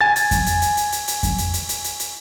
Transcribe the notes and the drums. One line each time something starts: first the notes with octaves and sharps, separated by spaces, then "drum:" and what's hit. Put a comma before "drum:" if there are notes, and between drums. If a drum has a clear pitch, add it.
G#5 A6
drum: hi-hat
drum: kick F2, hi-hat
drum: hi-hat
drum: hi-hat
drum: hi-hat
drum: hi-hat
drum: hi-hat
drum: kick F2, hi-hat
drum: hi-hat
drum: hi-hat
drum: hi-hat
drum: hi-hat
drum: hi-hat